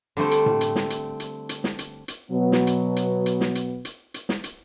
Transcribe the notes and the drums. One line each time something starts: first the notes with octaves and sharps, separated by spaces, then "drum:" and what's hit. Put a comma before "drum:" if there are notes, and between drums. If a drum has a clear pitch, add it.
D3 G3 A3 C4
drum: hi-hat
drum: tom A2
drum: hi-hat
drum: snare
drum: hi-hat
drum: hi-hat
drum: hi-hat
drum: snare
drum: hi-hat
drum: hi-hat
B2 F#3 B3
drum: snare
drum: hi-hat
drum: hi-hat
drum: hi-hat
drum: snare
drum: hi-hat
drum: hi-hat
drum: hi-hat
drum: snare
drum: hi-hat